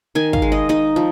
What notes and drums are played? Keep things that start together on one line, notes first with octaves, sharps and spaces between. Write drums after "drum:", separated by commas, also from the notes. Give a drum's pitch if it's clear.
D#3 G#5
F5, drum: kick
G#3
D#5
D#4 D#5
F3